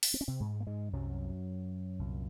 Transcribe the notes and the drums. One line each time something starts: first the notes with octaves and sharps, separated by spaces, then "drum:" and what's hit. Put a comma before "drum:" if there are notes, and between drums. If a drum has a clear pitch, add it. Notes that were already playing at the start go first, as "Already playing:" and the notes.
drum: open hi-hat
C4
C#4
C3 C4
G#2 G#3
A#3
G#2 G#3
C2 F#2 C3 F#3
C2 A#2